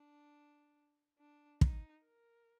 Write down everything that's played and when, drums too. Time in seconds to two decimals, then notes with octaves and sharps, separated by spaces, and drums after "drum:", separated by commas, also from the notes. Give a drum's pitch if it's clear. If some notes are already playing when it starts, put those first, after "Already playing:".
Already playing: D4
1.18 D4
1.61 D#4, drum: kick
2.04 A#4